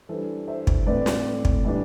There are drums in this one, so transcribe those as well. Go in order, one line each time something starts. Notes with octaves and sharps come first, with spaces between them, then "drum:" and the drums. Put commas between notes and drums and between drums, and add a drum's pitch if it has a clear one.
E3 G3 D4 A4 C5
C5 E5
drum: kick
A2 E3 A3 C4 B4 D5
drum: snare
drum: kick
A2 E3 G3 D4